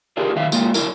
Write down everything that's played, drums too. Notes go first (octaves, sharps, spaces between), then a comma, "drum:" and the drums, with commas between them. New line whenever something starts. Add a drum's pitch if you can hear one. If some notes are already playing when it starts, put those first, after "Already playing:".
D4 F4 G4 G#4 A#4
D#3 F#3 E5 F5
F#3 G#3 A#3 F4, drum: tambourine
F#3 E4 A#4, drum: tambourine